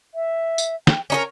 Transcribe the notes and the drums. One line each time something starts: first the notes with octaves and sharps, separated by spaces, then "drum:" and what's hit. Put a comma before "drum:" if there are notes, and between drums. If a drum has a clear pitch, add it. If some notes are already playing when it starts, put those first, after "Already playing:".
E5
drum: tambourine
G5, drum: snare
C#4 D#4 A#4 G#5